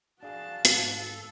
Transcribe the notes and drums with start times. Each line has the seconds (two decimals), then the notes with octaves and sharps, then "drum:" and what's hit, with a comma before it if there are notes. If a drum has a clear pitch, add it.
0.23 D4 F#4 G#4 F5 A5
0.65 G#2, drum: hi-hat
0.98 A4